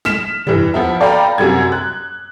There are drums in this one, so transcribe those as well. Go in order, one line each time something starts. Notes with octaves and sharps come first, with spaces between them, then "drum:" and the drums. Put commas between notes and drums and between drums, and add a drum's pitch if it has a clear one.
F6 B6 E7, drum: snare
E3 G3, drum: tom
F3 B3 E5
A4 D5 F5 G5 A#5 B5
F#2 C3 G3 G#6
F#6